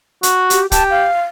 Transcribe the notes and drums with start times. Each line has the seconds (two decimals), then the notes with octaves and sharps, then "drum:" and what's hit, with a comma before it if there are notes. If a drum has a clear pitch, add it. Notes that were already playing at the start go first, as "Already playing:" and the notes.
0.23 F#4, drum: hi-hat
0.50 G4, drum: hi-hat
0.72 G4 A5, drum: kick, hi-hat
0.90 F5